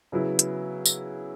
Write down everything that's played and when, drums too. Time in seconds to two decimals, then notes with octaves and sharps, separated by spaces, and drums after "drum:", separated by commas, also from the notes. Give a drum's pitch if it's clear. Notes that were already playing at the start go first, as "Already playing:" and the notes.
0.12 C#3 F#3 B3 E4
0.39 drum: hi-hat
0.86 drum: tambourine